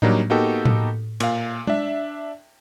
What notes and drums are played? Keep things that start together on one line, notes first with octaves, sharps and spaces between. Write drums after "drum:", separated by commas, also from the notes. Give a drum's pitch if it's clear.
F#3 G3 A#3 D4 D#4, drum: tom A2
A#3 B3 D#4 F#4 G4 A4
drum: tom A2
A#2 F5, drum: cymbal
D4 E5, drum: tom G#3